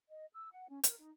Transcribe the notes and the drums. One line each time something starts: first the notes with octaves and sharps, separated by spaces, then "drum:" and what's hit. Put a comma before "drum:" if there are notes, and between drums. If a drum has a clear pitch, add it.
D#5
E6
F#5
C#4
A#4, drum: hi-hat
D#4